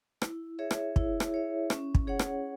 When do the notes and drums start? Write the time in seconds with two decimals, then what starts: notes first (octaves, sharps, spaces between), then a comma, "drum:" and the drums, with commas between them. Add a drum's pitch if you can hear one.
0.22 E4, drum: rim click
0.59 G#4 C#5 E5
0.71 drum: rim click
0.96 E4, drum: kick
1.20 drum: rim click
1.32 G#4 C#5 E5
1.70 C#4, drum: rim click
1.95 drum: kick
2.07 G#4 C#5 F#5
2.19 drum: rim click